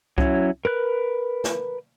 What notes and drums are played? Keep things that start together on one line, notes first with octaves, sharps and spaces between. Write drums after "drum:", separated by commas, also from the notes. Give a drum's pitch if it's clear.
F#3 C#4 E4, drum: kick C2
A#4 B4 F#6
drum: snare